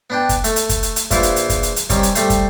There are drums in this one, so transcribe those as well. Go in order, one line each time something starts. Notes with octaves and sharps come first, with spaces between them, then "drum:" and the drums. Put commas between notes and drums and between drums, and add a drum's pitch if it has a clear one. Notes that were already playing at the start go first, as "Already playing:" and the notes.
B3 D4 G5
drum: kick, hi-hat
A3, drum: hi-hat
drum: hi-hat
drum: kick, hi-hat
drum: hi-hat
drum: hi-hat
A#1 E3 E4 F4 C5, drum: kick, hi-hat
drum: hi-hat
drum: hi-hat
drum: kick, hi-hat
drum: hi-hat
drum: hi-hat
D#3 G3 C4 C#4, drum: kick, hi-hat
drum: hi-hat
G3 A3 C5, drum: hi-hat
drum: kick, hi-hat